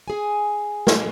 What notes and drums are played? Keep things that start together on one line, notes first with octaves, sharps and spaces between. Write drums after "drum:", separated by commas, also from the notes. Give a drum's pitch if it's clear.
G#4 G#5
drum: snare